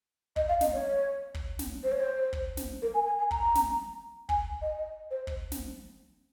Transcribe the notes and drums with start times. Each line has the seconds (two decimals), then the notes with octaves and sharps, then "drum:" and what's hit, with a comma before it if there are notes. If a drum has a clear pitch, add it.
0.36 D#5, drum: kick
0.48 F5
0.61 D#5, drum: snare
0.73 C#5
1.34 drum: kick
1.59 drum: snare
1.84 C5
1.92 C#5
2.00 C5
2.33 drum: kick
2.57 drum: snare
2.82 A#4
2.94 G#5
3.06 G#5
3.19 G#5
3.31 A#5, drum: kick
3.55 drum: snare
4.29 G#5, drum: kick
4.62 D#5
4.78 D#5
5.11 C5
5.27 drum: kick
5.52 drum: snare